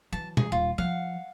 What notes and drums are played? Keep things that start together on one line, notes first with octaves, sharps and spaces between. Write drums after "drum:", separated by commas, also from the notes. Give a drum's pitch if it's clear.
E3 F#3 A5
G#4, drum: tom
D#1 F4
F3 F5 F#5